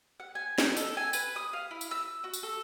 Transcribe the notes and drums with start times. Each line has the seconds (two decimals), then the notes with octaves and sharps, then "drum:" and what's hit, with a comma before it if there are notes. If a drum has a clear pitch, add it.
0.20 F#5
0.35 G#5
0.58 D#4, drum: snare
0.77 A4, drum: tambourine
0.97 G#5
1.13 B4, drum: tambourine
1.36 D#6
1.53 F5
1.71 E4
1.81 drum: tambourine
1.91 E6
2.24 F#4
2.33 drum: tambourine
2.43 A4